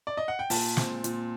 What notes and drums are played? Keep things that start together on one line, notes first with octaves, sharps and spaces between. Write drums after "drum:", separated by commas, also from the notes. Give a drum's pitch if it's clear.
D5
D#5
F#5
G5
A#2 A5, drum: open hi-hat
C4, drum: snare
A#2, drum: hi-hat